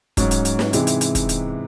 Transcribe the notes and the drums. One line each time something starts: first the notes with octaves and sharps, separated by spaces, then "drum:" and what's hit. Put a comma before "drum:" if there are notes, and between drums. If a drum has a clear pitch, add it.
G#2 F#3 C#4, drum: kick, hi-hat
drum: hi-hat
drum: hi-hat
drum: snare
C3 E3 G#3 D#4, drum: hi-hat
drum: hi-hat
drum: hi-hat
drum: kick, hi-hat
drum: hi-hat